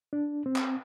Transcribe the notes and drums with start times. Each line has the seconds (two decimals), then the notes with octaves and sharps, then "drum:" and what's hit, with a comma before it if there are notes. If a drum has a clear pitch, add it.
0.13 D4
0.46 C4
0.56 drum: clap